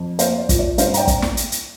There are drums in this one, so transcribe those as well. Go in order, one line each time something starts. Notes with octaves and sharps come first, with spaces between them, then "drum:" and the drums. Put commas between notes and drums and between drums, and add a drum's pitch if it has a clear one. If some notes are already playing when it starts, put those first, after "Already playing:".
Already playing: F2
A#3 C5 F5, drum: hi-hat
D5
A#2, drum: kick, hi-hat
D5
G2 C5 F5, drum: hi-hat
A#5, drum: hi-hat
D5 G5
drum: kick, hi-hat
drum: snare
drum: hi-hat
drum: hi-hat